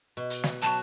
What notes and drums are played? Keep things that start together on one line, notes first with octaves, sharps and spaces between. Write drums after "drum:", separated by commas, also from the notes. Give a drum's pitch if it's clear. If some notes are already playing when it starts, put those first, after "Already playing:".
B2
drum: hi-hat
drum: snare
F#3 F#4 A5